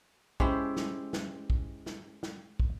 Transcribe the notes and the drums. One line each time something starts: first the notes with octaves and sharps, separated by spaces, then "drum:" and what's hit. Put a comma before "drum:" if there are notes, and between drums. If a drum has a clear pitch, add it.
G#3 C#4 E4 G4 C5, drum: kick
drum: snare
drum: snare
drum: kick
drum: snare
drum: snare
drum: kick